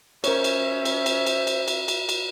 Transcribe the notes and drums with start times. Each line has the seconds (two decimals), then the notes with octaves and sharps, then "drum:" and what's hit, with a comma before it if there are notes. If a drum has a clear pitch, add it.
0.24 C#4 A#4 C5 C#5 E5, drum: cymbal
0.44 drum: cymbal
0.85 drum: cymbal
1.06 drum: cymbal
1.27 drum: cymbal
1.47 drum: cymbal
1.68 drum: cymbal
1.88 drum: cymbal
2.09 drum: cymbal